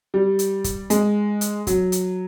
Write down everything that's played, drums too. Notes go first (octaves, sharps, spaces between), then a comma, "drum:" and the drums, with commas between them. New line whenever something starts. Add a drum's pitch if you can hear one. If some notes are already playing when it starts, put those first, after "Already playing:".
G3
drum: hi-hat
drum: kick, hi-hat
G#3, drum: hi-hat
drum: hi-hat
F#3, drum: kick, hi-hat
drum: hi-hat